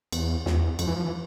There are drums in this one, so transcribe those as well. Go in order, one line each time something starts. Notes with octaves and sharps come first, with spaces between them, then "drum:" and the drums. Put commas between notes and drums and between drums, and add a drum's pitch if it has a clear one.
E2, drum: cymbal
E2, drum: snare
F2, drum: cymbal
E3
F3
E3